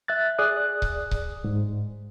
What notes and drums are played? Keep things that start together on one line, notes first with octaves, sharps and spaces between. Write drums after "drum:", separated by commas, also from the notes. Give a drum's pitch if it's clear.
E5 F#6 A6
G#4 D5 D#6 F#6
drum: kick C#1
drum: kick C#1
G#2